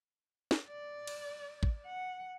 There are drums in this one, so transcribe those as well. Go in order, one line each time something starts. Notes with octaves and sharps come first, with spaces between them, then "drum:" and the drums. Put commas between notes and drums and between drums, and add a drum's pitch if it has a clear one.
drum: snare
D5
drum: cymbal
drum: kick
F#5